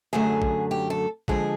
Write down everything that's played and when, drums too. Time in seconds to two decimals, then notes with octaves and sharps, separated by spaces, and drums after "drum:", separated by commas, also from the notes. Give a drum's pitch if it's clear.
0.13 F#2 D3 F#3 A3 G#4
0.42 drum: kick A#1
0.71 G4
0.90 A4
1.28 D#2 D3 F3 G#3 G#4, drum: kick A#1